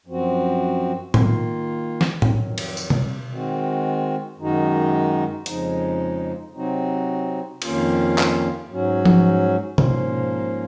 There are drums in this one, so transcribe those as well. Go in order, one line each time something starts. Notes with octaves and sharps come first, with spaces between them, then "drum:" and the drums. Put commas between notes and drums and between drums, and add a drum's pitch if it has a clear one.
F#2 F3 C4 F#4
D#3 A#3 F4, drum: tom A2
drum: snare
F2 D#3 F#3, drum: tom A2
drum: cymbal
drum: tambourine
drum: tom B2
D#3 G#3 C4 F#4
F#2 D#3 G#3 D#4 F#4
F2 C#3 F3 G#3 D#4, drum: hi-hat
C3 F#3 C4 D#4 F#4
F2 D#3 A#3 C#4 F4, drum: cymbal
drum: clap
G#2 F#3 C#4 F#4
drum: tom F3
G#2 F3 A#3 C#4 F4, drum: tom B2